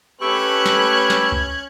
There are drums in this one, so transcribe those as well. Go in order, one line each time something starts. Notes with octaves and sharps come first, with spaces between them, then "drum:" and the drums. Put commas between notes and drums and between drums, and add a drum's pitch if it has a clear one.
A3 C#4 G4 B4 C#6 E6 F#6 G#6
drum: snare
drum: snare
drum: kick C2